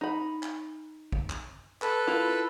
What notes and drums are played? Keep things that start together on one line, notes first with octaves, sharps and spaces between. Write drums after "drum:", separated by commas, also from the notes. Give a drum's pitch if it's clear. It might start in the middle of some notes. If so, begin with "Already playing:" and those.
D#4 B5
drum: clap
drum: kick G#1
drum: clap
A4 B4, drum: clap
E4 F4 A#4